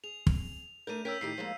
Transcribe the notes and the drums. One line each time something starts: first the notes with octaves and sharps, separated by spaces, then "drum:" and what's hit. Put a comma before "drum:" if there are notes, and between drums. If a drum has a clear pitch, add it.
G#4 F7
drum: kick
A3 D4 A#4 G6 D#7
C#4 A#4 G5 E6 G6 B6
A2 D#3 G4 C7
F3 G#3 A#3